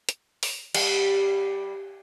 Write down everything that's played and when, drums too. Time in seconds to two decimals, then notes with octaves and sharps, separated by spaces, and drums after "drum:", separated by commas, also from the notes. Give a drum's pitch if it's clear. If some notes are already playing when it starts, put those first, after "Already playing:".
0.09 drum: hi-hat
0.43 drum: open hi-hat
0.75 G3, drum: cymbal